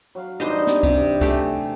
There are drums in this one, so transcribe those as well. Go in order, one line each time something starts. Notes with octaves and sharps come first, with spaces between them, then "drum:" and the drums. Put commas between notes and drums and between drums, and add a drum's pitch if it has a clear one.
F#3 F5
G2 E3 D4 D#4 C5 D#5
drum: snare
C3, drum: kick
A3 G4 G#4, drum: kick